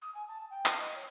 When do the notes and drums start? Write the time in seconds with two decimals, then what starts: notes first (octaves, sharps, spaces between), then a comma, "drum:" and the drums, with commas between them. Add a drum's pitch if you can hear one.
0.02 D#6
0.14 G#5
0.28 A5
0.50 G5
0.66 drum: clap
0.79 D#5
0.95 C#5